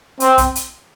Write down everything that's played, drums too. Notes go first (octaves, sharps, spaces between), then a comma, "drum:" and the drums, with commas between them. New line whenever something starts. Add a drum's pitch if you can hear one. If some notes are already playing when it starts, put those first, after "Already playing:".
C4, drum: hi-hat
drum: kick, hi-hat
drum: hi-hat